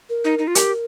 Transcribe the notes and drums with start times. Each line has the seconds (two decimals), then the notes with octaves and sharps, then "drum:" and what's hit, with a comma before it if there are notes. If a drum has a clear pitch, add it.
0.10 A#4
0.25 D#4
0.39 D#4
0.47 F4
0.55 G4 A#4, drum: hi-hat